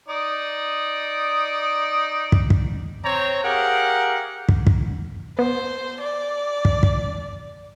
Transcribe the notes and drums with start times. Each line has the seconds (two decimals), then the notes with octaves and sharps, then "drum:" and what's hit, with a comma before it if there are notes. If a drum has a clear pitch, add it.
0.08 D#4 D5 D#6
2.32 drum: kick
2.50 drum: kick
3.04 C4 C5 C#5 A#5
3.44 G4 G#4 A#4 F5 F#5
4.49 drum: kick
4.67 drum: kick
5.39 B3 C5
6.01 D5
6.65 drum: kick
6.83 drum: kick